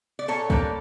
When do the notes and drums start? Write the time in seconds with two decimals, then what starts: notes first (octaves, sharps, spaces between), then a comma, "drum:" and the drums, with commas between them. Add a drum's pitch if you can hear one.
0.19 D5
0.28 A#2 A4 C#5
0.50 G3 A#3 D4, drum: kick